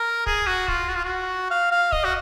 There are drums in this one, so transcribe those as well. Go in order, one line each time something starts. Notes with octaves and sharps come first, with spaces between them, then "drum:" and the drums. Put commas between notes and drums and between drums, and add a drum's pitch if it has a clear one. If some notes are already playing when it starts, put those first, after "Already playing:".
Already playing: A#4
G#4, drum: kick
F#4
F4, drum: kick
F#4
F4
F#4
F5
F5
D#5, drum: kick
F#4